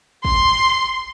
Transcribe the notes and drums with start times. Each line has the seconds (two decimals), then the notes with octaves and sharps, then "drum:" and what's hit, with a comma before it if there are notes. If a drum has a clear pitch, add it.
0.25 C6, drum: kick